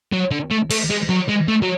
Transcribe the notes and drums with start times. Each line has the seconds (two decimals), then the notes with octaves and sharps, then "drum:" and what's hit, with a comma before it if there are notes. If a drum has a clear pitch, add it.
0.12 F#3
0.31 D3
0.50 A3
0.70 A3, drum: cymbal
0.90 G#3
1.10 F#3
1.29 G#3
1.48 A3
1.62 F#3